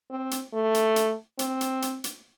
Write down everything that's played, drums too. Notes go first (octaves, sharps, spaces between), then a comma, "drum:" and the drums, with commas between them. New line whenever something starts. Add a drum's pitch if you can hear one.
C4
drum: hi-hat
A3
drum: hi-hat
drum: hi-hat
C4, drum: hi-hat
drum: hi-hat
drum: hi-hat
drum: hi-hat